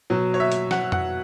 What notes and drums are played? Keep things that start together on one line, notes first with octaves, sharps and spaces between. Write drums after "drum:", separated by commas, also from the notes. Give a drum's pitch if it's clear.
B2 F#3
C#5
E5
drum: hi-hat
F#5, drum: snare
F#5, drum: tom F2